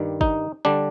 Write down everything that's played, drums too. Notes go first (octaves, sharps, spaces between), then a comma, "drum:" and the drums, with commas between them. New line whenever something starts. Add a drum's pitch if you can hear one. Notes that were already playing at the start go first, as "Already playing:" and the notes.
Already playing: G2 D#3 G3
D#4, drum: kick
D3 G3 D4